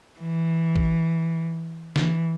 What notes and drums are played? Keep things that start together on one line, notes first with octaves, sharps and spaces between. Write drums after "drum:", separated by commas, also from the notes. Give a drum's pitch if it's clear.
E3
drum: kick
E3, drum: snare